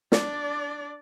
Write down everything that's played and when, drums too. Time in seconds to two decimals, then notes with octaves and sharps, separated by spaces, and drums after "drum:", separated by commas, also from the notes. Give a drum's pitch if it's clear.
0.12 D4 D5, drum: snare